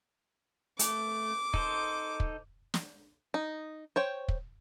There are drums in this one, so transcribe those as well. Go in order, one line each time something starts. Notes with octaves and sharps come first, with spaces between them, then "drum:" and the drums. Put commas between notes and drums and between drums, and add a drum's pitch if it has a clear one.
A3 D6, drum: hi-hat
D#4 A4 C5, drum: kick
drum: kick
drum: snare
D#4
C5 C#5 G5
drum: kick